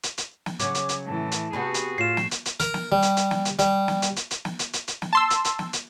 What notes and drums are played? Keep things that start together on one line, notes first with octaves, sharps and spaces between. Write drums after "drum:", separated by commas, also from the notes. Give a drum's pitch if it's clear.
drum: hi-hat
drum: hi-hat
drum: snare
C#3 F#3 D6, drum: hi-hat
drum: hi-hat
drum: hi-hat
A2 E3 A5
drum: hi-hat
C3 B3 F#4 G#4 B4
drum: hi-hat
A2 F4 C7 E7
drum: snare
drum: hi-hat
drum: hi-hat
A#4, drum: hi-hat
drum: snare
G3
drum: hi-hat
drum: hi-hat
drum: snare
drum: hi-hat
G3, drum: hi-hat
drum: snare
drum: hi-hat
drum: hi-hat
drum: hi-hat
drum: snare
drum: hi-hat
drum: hi-hat
drum: hi-hat
drum: snare
A5 C6 E6
drum: hi-hat
drum: hi-hat
drum: snare
drum: hi-hat